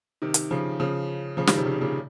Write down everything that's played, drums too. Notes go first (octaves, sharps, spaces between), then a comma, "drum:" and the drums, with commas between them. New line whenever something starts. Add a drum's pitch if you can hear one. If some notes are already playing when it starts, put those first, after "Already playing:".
C3 D#3
drum: hi-hat
C#3 F3
C#3 F3
C#3 F3
D#3 G3, drum: snare
C3
C#3
C3
A#2 C#3